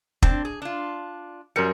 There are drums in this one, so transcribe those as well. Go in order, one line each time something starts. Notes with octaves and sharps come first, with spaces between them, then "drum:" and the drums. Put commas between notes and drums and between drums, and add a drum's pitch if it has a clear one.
C4 D4, drum: kick
G#4
D4 F4
F#2 G3 A#4 C#7